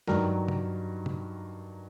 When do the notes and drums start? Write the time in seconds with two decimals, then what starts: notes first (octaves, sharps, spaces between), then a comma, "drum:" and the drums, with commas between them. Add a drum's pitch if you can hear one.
0.08 G2 D#3 F#3 A#4, drum: snare
0.48 drum: tom C3
1.06 drum: tom C3